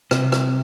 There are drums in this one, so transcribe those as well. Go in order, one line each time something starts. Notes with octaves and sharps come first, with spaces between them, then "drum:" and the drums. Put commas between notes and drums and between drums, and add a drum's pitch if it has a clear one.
C3, drum: rim click
drum: rim click